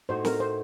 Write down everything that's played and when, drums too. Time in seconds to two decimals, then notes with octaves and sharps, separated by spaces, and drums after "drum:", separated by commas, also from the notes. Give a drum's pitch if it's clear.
0.09 A2 A3 D#4 F#4 C5
0.25 A#4, drum: snare
0.40 C5